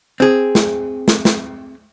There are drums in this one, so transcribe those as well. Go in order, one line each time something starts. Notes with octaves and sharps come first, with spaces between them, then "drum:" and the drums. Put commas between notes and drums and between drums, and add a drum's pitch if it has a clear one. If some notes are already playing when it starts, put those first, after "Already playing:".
C4 G#4
drum: snare
drum: snare
drum: snare